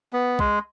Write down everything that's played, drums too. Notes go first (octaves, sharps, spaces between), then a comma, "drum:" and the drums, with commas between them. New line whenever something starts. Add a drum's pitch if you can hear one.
B3
G#3, drum: kick B1